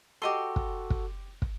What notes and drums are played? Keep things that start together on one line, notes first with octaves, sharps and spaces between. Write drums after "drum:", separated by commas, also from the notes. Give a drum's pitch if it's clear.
F#4 G4 A4 D#5 C6
drum: kick
drum: kick
drum: kick